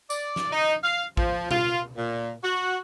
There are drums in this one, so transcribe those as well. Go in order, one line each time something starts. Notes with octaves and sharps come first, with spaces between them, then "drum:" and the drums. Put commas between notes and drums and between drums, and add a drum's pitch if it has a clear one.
D5, drum: tambourine
drum: snare
D#4
F5
F3, drum: kick
F4, drum: tom B2
A#2
F#4